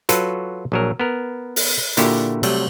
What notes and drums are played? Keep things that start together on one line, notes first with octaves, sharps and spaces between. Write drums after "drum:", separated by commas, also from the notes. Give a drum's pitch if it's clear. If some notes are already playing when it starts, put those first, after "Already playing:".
F#3 F4 F#4 A4 B4, drum: hi-hat
A#1 F#3 A#4
B3 A#4
drum: open hi-hat
A#2 D3 A#3 E4 F#4 G4, drum: hi-hat
C3 F#3 G3 A3, drum: cymbal